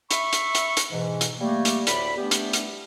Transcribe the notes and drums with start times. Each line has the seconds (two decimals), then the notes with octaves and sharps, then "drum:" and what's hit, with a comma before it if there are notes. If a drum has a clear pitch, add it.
0.11 E5 B5 C#6, drum: hi-hat
0.33 drum: hi-hat
0.55 drum: hi-hat
0.77 drum: hi-hat
0.91 G#2 B2 E3
1.21 drum: hi-hat
1.39 G3 A3 A#3
1.65 drum: hi-hat
1.87 D2 A2 D5 B5, drum: hi-hat
2.17 E3 G3 A3 B3 D4 G4
2.31 drum: hi-hat
2.53 drum: hi-hat